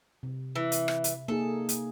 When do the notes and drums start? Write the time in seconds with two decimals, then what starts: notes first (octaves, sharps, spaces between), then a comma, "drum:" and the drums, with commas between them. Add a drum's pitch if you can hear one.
0.23 C3
0.56 E3
0.72 drum: hi-hat
0.88 drum: rim click
1.04 drum: hi-hat
1.28 A#3 D#4 G#4 A4
1.69 drum: hi-hat